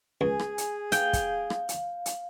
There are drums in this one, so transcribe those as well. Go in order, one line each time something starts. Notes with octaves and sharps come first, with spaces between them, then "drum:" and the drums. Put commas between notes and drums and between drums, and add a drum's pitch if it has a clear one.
C#2 G#4 G#5
drum: rim click
drum: hi-hat
F5 G5, drum: hi-hat
drum: kick, hi-hat
drum: rim click
drum: hi-hat
drum: hi-hat